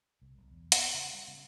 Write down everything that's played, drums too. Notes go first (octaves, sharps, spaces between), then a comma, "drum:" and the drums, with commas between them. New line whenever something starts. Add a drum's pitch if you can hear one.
C2
B1
E2
B3, drum: hi-hat
C#3
G3
C#3